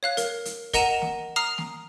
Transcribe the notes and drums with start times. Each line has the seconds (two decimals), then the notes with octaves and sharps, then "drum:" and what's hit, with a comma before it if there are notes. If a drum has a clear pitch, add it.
0.03 C#5 F5 F#6
0.17 A#4, drum: hi-hat
0.45 drum: hi-hat
0.74 A#4 D#5 F#5 A#5 D#7 E7, drum: kick, hi-hat
1.02 drum: snare
1.36 A#5 D#6 F6 C7
1.58 drum: snare